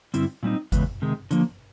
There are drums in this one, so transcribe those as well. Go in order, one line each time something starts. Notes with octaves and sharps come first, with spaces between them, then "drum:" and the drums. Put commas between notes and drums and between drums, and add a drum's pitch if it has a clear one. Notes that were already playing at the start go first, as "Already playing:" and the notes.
G2 D3 G3 C4 E4, drum: hi-hat
A#2 G3 C4 D#4
E2 C#3 G#3 B3, drum: kick G1, hi-hat
C3 D#3 G#3
D3 F3 A#3, drum: hi-hat